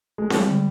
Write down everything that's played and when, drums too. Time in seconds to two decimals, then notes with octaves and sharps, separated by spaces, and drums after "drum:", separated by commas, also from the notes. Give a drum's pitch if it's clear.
0.18 G#3
0.30 G3 G#3, drum: snare C4
0.47 D3